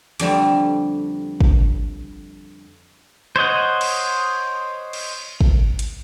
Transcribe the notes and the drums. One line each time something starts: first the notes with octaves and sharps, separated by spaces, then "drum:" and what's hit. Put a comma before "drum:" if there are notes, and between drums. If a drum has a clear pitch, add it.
F2 D3 G3 A3, drum: hi-hat
drum: kick
C5 C#5 D#5 F#5
drum: cymbal
drum: cymbal
drum: kick
drum: hi-hat